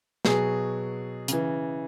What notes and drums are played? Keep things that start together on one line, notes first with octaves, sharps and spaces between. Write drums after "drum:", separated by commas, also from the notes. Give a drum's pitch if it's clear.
B2 F#3 G#4, drum: snare
C#3 E3, drum: hi-hat